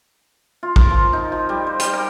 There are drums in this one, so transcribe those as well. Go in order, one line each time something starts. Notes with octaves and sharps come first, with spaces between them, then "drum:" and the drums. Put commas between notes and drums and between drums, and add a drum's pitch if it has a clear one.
F4
A#4, drum: kick
F3
D#4
F3
G3
C5
G3, drum: hi-hat
A#4